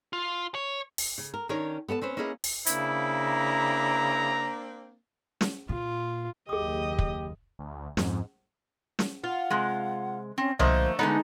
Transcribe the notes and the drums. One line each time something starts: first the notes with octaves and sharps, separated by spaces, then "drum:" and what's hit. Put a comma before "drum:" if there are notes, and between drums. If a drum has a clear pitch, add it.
F4
C#5
drum: open hi-hat
C#3
A#4
D#3 C#4 D4 A#4 C#5
B3 A4 D#5 A5
C4 C#4 B4 C5
A#3 C#4 E4 G#4 B4 D#5
drum: open hi-hat
C#3 A#3 C4 D4 E4, drum: hi-hat
A#5
drum: snare
A#2 F4
F#1 D#2 G4 G#4 D#5 D#6
drum: kick
D2
F2 G#2, drum: snare
drum: snare
F4 F#5
C3 G#3
C4 C#4
D3 F3 A3 A#3 C5 D#5, drum: tom C2
D3 G#3 A3 B3 D#4